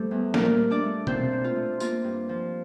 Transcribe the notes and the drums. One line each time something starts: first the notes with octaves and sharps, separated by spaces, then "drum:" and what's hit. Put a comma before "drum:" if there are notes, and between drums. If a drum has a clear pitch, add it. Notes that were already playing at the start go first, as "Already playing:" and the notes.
Already playing: G3 A3 A4 C5
E2
A#2 A#3 A#4, drum: snare
A3
D4 D5
A3
A#2 C4 C5, drum: tom B2
A#2
F4
A3
A#3 F4, drum: tambourine
G2
F3